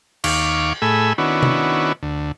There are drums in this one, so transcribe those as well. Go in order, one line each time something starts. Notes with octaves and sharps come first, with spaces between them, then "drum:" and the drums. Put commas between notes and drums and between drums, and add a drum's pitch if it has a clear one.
D#2 F5 C#6 D6, drum: cymbal
A2 A3 G#4 G#5 B5 E6
D#3 B3 C#4 D4 E4 F#4
drum: tom C3
D2